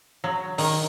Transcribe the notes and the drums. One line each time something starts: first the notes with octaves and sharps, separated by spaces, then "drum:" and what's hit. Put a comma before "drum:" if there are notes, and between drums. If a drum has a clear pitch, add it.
F#3
D#3, drum: open hi-hat